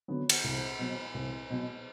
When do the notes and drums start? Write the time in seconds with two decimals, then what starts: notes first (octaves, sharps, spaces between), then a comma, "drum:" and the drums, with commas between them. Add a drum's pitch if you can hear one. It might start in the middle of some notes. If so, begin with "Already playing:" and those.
0.08 D3 F#3 B3
0.29 drum: cymbal
0.44 C2
0.79 B2 F#3
1.14 C2
1.50 B2 F#3